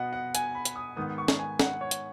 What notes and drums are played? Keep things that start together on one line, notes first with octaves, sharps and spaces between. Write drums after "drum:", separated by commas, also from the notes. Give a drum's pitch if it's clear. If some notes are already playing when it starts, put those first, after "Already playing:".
Already playing: B2 B3 D#5 F#5
F#5
G#5, drum: hi-hat
B5
drum: hi-hat
D#6
G#2 D#3 B3 D#6
C#6
drum: snare
G#5
F#5, drum: snare
C#5
drum: hi-hat